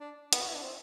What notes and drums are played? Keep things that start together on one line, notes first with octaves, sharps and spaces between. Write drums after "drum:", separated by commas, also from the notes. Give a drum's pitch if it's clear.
D4
B3, drum: hi-hat
F#4
E4
D4
C4